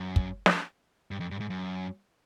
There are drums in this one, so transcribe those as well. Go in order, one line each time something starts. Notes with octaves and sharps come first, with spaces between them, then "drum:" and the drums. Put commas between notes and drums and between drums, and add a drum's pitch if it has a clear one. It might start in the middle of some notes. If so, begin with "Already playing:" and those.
Already playing: F#2
drum: kick
drum: snare
G2
F2
G2
G#2
F#2